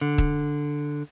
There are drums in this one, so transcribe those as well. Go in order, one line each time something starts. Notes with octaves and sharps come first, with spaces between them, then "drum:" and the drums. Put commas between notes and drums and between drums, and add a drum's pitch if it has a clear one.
D3
drum: kick